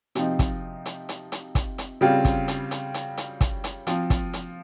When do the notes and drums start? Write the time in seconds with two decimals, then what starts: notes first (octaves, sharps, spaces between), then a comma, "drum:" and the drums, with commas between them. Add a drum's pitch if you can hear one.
0.15 C3 F3 C4 D#4, drum: hi-hat
0.39 drum: kick, hi-hat
0.86 drum: hi-hat
1.09 drum: hi-hat
1.32 drum: hi-hat
1.55 drum: kick, hi-hat
1.78 drum: hi-hat
2.01 C#3 G3 C4 F4
2.25 drum: kick, hi-hat
2.48 drum: hi-hat
2.71 drum: hi-hat
2.94 drum: hi-hat
3.17 drum: hi-hat
3.41 drum: kick, hi-hat
3.64 drum: hi-hat
3.87 F3 C4 F4, drum: hi-hat
4.10 drum: kick, hi-hat
4.33 drum: hi-hat